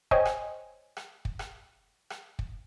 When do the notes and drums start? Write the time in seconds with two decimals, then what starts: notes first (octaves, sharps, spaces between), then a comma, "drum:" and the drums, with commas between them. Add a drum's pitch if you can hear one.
0.11 C5 C#5 D#5 G5 G#5, drum: kick
0.25 drum: rim click
0.97 drum: rim click
1.25 drum: kick
1.39 drum: rim click
2.10 drum: rim click
2.39 drum: kick